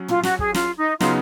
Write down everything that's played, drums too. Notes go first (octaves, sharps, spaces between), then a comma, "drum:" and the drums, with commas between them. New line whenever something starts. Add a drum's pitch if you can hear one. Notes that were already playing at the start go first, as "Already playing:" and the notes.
Already playing: F#3 C#4
F4, drum: tom
F#4, drum: snare
G#4, drum: kick
F4, drum: snare
D#4
C#3 F#3 B3 D#4 F4, drum: snare